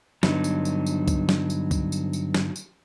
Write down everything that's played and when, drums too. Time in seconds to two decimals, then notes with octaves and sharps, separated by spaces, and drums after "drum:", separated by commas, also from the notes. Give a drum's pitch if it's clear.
0.23 G2 D3 F#3 B3 D#4, drum: snare
0.44 drum: tambourine
0.65 drum: tambourine
0.86 drum: tambourine
1.08 drum: kick C2, tambourine
1.29 drum: snare
1.50 drum: tambourine
1.71 drum: kick C2, tambourine
1.92 drum: tambourine
2.13 drum: tambourine
2.34 drum: snare
2.56 drum: tambourine